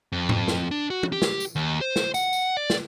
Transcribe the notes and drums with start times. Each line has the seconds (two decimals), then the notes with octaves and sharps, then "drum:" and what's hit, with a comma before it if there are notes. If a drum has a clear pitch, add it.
0.12 F2
0.29 drum: tom G#2
0.48 drum: snare
0.71 D4
0.90 F#4
1.03 drum: tom
1.13 G4
1.22 drum: snare
1.40 drum: tambourine
1.56 D#2
1.81 C5
1.96 drum: snare
2.14 F#5, drum: tambourine
2.33 drum: tambourine
2.57 D5
2.70 drum: snare